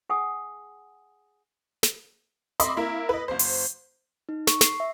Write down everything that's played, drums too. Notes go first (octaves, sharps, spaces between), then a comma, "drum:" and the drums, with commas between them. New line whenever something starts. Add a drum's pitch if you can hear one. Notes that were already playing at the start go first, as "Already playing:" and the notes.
G#4 F#5 G#5 D#6
drum: snare
D#5 E5 B5 C6 D6 D#6, drum: hi-hat
A#3 E4 A#4
B4 D#5
F#1 C5
drum: open hi-hat
D#4
C#6, drum: snare
C7, drum: snare
E5